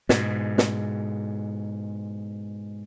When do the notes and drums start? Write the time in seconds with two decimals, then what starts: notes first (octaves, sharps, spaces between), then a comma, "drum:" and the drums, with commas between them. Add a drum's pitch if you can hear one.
0.09 G#2 B2, drum: snare
0.58 drum: snare